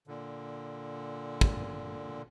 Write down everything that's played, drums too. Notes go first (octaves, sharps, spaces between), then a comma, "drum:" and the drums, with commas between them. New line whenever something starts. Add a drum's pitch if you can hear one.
A#2 D3
drum: kick